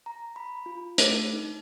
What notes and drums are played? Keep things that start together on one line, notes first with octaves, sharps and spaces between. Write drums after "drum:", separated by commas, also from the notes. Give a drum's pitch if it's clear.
A#5
B5
F4
A3, drum: hi-hat
D#4